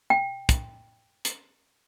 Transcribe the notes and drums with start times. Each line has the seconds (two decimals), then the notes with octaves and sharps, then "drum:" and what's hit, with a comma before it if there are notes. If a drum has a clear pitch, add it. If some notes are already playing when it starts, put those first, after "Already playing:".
0.10 G5
0.49 drum: kick, hi-hat
1.25 drum: hi-hat